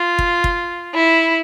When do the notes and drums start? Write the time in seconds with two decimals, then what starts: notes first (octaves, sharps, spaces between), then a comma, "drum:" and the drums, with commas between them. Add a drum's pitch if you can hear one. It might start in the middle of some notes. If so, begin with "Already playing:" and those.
Already playing: F4
0.19 drum: kick
0.44 drum: kick
0.95 E4